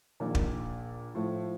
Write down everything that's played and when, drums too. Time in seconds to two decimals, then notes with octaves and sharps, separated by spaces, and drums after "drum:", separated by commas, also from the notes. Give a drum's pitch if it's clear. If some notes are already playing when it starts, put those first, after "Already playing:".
0.20 A#1 A#2 D#3
0.35 drum: kick
1.15 A2 F3